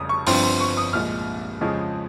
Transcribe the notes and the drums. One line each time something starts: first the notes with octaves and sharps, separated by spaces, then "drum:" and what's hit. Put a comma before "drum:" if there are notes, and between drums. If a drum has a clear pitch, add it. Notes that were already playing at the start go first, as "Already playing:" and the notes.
Already playing: F1 F2 C#3 G3 D#6
C#6
G1 G2 F3 C4 C6, drum: open hi-hat
C6
C#6
D#6
C2 A#2 F3 G#3 F6
F2 C#3 F3 G#3